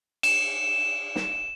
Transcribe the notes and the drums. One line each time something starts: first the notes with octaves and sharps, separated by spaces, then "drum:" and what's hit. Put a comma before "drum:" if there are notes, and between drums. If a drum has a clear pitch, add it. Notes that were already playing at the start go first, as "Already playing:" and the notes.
E7, drum: cymbal
drum: snare